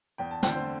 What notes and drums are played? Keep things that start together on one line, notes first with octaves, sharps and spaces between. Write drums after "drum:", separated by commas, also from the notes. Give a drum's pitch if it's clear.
E2 G5
A5
D3 A3 C4 G5, drum: snare
C5